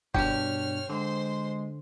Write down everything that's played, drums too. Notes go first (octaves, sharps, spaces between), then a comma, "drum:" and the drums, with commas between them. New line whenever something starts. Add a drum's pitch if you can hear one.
G2 B2 D4 G4 C#5 F6, drum: kick F1
D3 G#3 C5 C6